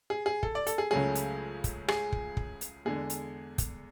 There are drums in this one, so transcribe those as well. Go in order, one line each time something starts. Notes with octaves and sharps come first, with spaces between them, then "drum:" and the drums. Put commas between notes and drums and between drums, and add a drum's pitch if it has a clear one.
G#4
G#4
A4, drum: kick
D5
A4, drum: hi-hat
G#4
C#2 C#3 F#3 A3 G#4
drum: hi-hat
drum: kick, hi-hat
G#4, drum: rim click
drum: kick
drum: kick
drum: hi-hat
E2 D3 G#3 G#4
drum: hi-hat
drum: kick, hi-hat